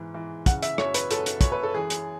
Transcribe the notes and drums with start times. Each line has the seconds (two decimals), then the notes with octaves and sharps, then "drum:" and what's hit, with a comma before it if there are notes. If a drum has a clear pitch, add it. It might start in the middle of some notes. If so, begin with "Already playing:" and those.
Already playing: G#2 E3
0.14 E3
0.46 C#3 F#5, drum: kick, hi-hat
0.62 E5, drum: hi-hat
0.78 F#2 C#5, drum: rim click
0.94 B4, drum: hi-hat
1.11 F#2 A4, drum: hi-hat
1.26 drum: hi-hat
1.41 F#2 C#5, drum: kick, hi-hat
1.52 B4
1.63 A4
1.74 E3 G#4
1.90 drum: hi-hat